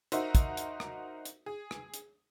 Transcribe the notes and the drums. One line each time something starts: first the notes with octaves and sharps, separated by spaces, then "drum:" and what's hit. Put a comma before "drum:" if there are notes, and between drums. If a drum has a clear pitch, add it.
D#4 F#4 A#4 C5 E5, drum: hi-hat
drum: kick, hi-hat
drum: hi-hat
drum: rim click
drum: hi-hat
G#4
drum: rim click
drum: hi-hat